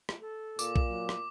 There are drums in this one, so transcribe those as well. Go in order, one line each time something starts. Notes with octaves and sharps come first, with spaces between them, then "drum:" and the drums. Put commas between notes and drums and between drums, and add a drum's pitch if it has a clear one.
drum: rim click
A4
A#2 D6, drum: tambourine
drum: kick A#1
F#3
drum: rim click